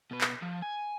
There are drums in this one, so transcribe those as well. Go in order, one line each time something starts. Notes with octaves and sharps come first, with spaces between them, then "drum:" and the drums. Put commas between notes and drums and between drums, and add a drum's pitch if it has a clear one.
B2 B4
drum: clap
F3
G#5